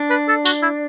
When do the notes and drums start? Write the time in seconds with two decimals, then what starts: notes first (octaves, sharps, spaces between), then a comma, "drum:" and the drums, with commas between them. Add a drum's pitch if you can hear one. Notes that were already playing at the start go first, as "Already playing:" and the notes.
Already playing: D4
0.10 B4
0.28 A4
0.45 F#4, drum: tambourine
0.62 E4